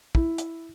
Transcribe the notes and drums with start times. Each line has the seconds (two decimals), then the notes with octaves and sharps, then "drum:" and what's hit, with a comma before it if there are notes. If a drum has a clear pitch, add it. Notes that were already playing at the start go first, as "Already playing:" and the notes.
0.15 E4, drum: kick
0.38 drum: hi-hat